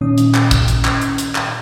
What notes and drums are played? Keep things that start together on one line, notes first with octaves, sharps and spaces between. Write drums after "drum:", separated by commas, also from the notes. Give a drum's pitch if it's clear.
A#2 D#3 C#4 D#6
drum: hi-hat
drum: clap
drum: kick, hi-hat
drum: hi-hat
drum: clap
drum: hi-hat
drum: hi-hat
drum: clap